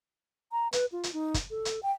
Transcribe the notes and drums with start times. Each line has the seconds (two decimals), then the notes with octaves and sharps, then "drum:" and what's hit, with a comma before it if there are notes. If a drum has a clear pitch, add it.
0.52 A#5
0.73 B4, drum: hi-hat
0.92 F4
1.03 drum: hi-hat
1.13 D#4
1.34 drum: kick, hi-hat
1.51 A4
1.65 drum: hi-hat
1.83 G5